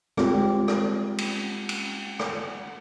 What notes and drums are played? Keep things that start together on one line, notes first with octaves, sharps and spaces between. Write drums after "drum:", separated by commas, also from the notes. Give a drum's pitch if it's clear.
G#3 C4 F4 G4, drum: rim click
drum: rim click
drum: cymbal
drum: cymbal
drum: rim click